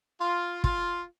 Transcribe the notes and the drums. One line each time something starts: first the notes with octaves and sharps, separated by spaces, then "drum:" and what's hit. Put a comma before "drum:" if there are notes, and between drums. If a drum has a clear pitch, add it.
F4
F4, drum: kick